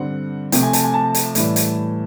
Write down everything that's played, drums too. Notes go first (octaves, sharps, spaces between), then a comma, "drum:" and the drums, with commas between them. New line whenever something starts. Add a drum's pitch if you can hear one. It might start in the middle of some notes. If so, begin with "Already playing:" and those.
Already playing: G2 D3 G3 C4 F#5
C3 F3 A3 C4 G5, drum: hi-hat
G#5
A5, drum: hi-hat
G#5
A5
drum: hi-hat
A2 E3 G3, drum: hi-hat
drum: hi-hat